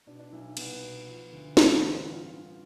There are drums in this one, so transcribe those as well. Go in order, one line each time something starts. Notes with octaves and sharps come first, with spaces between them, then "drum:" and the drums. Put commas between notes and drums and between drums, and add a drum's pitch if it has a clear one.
B2 D4
D4
B1 E4
C2 B3, drum: cymbal
B2
F3
D2
A1 C4, drum: snare
B3
A1 C4
D4
G2 F4
E3